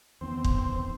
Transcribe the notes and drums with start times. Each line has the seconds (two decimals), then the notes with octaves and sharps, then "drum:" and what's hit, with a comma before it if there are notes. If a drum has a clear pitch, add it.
0.21 E2 D#3 B3 C4
0.44 drum: kick